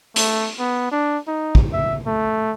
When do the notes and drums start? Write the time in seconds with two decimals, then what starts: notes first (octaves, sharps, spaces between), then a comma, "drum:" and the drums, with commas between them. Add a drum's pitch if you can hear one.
0.16 A3, drum: hi-hat
0.59 B3
0.92 D4
1.28 D#4
1.55 drum: kick
1.73 E5
2.07 A3